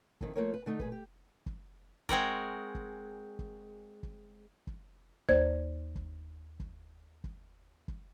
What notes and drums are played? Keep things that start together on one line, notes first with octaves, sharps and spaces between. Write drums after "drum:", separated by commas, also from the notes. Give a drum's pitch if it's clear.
F2 D#3 E4 A4, drum: kick
F3 F#3 A3 A#3 A#4 C#5
B4
D3 A3 D#4
A#2 G#4 B4, drum: kick
G4
drum: kick
G#3 C4 F#4 A#4, drum: kick
drum: kick
drum: kick
drum: kick
drum: kick
D#2 A#3 C5 D5 G#6, drum: kick
drum: kick
drum: kick
drum: kick
drum: kick